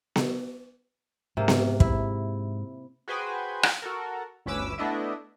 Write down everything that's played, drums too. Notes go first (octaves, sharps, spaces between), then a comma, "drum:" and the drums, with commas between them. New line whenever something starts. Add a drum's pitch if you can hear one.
drum: snare B3
G#2 C3 A#3
drum: snare B3
E4, drum: kick
F#4 G#4 B4 C5 G5 G#5
drum: rim click
F#4 A4 A#4
G1 D2 C#4 B4 D6 E6
A3 B3 D4 E4 D#5 E5